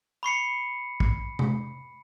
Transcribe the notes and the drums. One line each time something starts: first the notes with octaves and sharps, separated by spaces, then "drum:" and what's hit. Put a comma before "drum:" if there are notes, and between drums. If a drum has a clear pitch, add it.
B5 C#6 C7 C#7
drum: kick
drum: tom C3